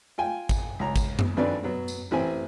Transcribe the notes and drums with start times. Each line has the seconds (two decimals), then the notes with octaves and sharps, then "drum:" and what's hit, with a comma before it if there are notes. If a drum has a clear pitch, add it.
0.18 F4 G5 G#5
0.49 drum: kick, tambourine
0.79 C#2 A#5
0.96 drum: kick, tambourine
1.19 drum: tom F#2
1.37 G#1 F2 D4 B4 D5
1.63 B2 F#3 B3
1.88 drum: tambourine
2.11 A1 E3 C4 G#5